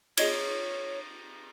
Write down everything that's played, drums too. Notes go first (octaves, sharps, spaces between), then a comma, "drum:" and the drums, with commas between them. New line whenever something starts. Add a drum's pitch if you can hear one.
G#4 C#5 D#5 G#6, drum: cymbal